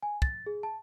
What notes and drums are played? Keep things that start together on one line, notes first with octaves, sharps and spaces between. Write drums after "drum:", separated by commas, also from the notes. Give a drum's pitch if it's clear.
G#5
A6, drum: kick
G#4
A5